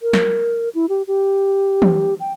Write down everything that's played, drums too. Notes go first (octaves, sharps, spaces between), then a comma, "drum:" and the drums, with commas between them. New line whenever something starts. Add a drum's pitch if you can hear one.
A#4
drum: snare
E4
G4
G4
drum: tom
G5